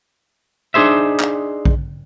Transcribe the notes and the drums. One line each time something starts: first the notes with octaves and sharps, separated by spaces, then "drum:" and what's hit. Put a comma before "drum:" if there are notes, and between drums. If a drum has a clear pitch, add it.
D4 D#4 G#4 C5 E5
drum: clap
drum: kick A#1